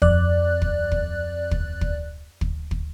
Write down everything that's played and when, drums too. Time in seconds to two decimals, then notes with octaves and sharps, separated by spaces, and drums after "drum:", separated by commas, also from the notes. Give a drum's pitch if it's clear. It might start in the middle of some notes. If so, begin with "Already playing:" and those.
0.02 F2 D5 F#6, drum: kick
0.62 drum: kick
0.92 drum: kick
1.51 drum: kick
1.81 drum: kick
2.41 drum: kick
2.71 drum: kick